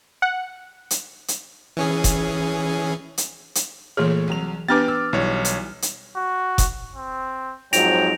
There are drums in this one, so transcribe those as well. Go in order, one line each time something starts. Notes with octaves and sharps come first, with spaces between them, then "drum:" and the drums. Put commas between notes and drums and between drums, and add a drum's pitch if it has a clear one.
F#5
drum: hi-hat
drum: hi-hat
E3 C#4 G#4
drum: kick F1, hi-hat
drum: hi-hat
drum: hi-hat
A#2 E3 A3 G#4 C#5
C2 F#3 F7
B3 D4 G4 B4 G#5 D6 F6 A6
E6
B1 E3 G3 C#5
drum: hi-hat
drum: hi-hat
F#4
drum: kick F1, hi-hat
C4
F2 G#2 F#3 G5 A#6 D7 F7, drum: hi-hat